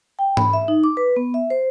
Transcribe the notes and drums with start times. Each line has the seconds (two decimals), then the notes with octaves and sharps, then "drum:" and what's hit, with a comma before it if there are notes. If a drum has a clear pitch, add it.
0.19 G5
0.37 B5, drum: tom G#2
0.53 E5
0.68 D#4
0.84 D6
0.97 B4
1.16 B3
1.34 E5
1.50 C5